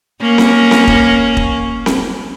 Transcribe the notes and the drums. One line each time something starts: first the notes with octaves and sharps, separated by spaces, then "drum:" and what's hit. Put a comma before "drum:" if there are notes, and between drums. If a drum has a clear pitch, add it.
A#3 C#4
drum: snare C4
drum: snare C4
drum: kick
drum: kick
drum: snare C4